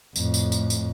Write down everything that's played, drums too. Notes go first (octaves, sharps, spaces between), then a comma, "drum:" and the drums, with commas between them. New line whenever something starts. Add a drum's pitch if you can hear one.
F2 A2, drum: tambourine
drum: tambourine
drum: tambourine
drum: tambourine